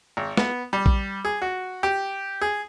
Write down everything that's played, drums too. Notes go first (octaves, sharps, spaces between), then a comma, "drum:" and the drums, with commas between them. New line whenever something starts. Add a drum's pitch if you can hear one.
G#1
B3, drum: snare
G3
drum: kick A#1
G#4
F#4
G4
G#4